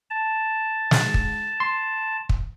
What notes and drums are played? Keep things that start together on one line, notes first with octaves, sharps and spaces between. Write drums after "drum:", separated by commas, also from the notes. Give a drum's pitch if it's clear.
A5
drum: snare
drum: kick
C6
drum: kick